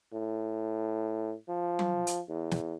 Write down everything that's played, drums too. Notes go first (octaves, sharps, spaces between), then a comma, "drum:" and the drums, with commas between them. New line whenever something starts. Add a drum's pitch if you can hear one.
A2
F3
drum: tom F#3
drum: hi-hat
E2
drum: snare